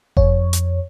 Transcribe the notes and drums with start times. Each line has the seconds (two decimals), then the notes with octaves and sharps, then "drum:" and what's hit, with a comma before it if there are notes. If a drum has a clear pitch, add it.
0.17 F2 C#5, drum: kick F#1
0.53 drum: hi-hat